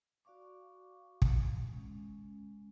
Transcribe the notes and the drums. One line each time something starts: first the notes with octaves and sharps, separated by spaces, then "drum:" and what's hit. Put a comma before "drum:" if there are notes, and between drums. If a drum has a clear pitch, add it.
F#4 D5 F5 C#6 D6
drum: kick
G#3 C#4